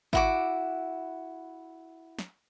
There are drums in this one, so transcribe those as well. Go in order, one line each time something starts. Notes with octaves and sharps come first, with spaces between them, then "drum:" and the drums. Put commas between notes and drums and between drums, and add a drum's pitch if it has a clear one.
E4 F#4 D6, drum: kick G#1
drum: snare